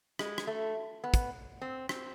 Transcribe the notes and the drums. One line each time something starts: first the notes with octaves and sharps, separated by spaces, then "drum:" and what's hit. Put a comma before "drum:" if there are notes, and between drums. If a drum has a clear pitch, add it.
G#3, drum: rim click
drum: rim click
A3
B3
drum: kick, hi-hat
C4
C4, drum: rim click